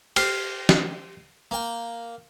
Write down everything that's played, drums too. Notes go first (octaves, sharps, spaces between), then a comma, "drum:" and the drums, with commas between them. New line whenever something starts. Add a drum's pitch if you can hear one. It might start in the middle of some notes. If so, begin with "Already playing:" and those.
G4 C5 F6 C7, drum: cymbal
drum: snare
A#3 G5